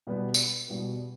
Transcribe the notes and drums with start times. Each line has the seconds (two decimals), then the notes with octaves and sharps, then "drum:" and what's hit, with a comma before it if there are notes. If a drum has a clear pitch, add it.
0.07 B2 G3 B3
0.34 drum: tambourine
0.68 B2 G3 B3